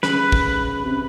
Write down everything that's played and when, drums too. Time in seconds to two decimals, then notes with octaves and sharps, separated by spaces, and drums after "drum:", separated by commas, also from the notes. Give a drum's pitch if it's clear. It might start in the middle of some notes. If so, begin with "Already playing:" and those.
0.03 C#3 B4, drum: snare
0.32 drum: kick
0.86 C3